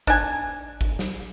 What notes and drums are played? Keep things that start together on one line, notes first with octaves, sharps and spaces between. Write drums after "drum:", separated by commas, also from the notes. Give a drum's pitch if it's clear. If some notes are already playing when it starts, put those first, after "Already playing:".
D4 G#5, drum: kick G#1
drum: kick G#1
drum: snare